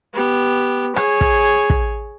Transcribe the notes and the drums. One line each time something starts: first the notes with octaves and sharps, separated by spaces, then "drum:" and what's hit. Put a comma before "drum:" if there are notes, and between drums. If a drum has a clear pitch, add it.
B3 G4
G#4 C#5, drum: rim click
drum: kick
drum: kick